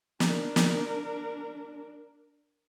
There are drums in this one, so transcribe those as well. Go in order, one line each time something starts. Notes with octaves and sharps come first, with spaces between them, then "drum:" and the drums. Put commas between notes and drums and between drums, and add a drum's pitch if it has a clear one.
D4 A#4, drum: snare
drum: snare